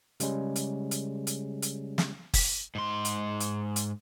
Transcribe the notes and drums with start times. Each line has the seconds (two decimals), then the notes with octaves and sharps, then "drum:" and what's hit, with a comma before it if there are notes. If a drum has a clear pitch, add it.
0.20 C#3 G3 G#3 C#4, drum: hi-hat
0.56 drum: hi-hat
0.91 drum: hi-hat
1.27 drum: hi-hat
1.62 drum: hi-hat
1.98 drum: snare
2.34 drum: kick, open hi-hat
2.75 G#2 C6
3.05 drum: hi-hat
3.40 drum: hi-hat
3.76 drum: hi-hat